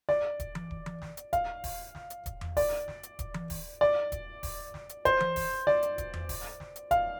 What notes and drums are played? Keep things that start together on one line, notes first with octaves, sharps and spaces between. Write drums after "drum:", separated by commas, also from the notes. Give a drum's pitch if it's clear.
D5, drum: snare
drum: kick D#1, hi-hat
drum: tom E3
drum: kick D#1
drum: tom E3
drum: snare
drum: hi-hat
F5, drum: kick D#1, hi-hat
drum: kick D#1, open hi-hat
drum: snare
drum: hi-hat
drum: kick D#1, hi-hat
drum: tom E2
D5, drum: kick D#1, open hi-hat
drum: snare
drum: hi-hat
drum: kick D#1, hi-hat
drum: tom E3
drum: kick D#1, open hi-hat
D5, drum: snare
drum: kick D#1, hi-hat
drum: kick D#1, open hi-hat
drum: snare
drum: hi-hat
C5, drum: kick D#1, hi-hat
drum: tom E3
drum: kick D#1, open hi-hat
D5, drum: snare
drum: hi-hat
drum: kick D#1, hi-hat
drum: tom E2
drum: kick D#1, open hi-hat
drum: snare
drum: hi-hat
F5, drum: kick D#1, hi-hat